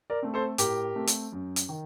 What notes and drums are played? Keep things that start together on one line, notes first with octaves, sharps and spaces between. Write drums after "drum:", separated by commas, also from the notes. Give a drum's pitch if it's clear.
A#4 D5
A3 C4
A4 C5
A2 G4 A#4, drum: hi-hat
A3 C4
drum: hi-hat
F#2
drum: hi-hat
D#3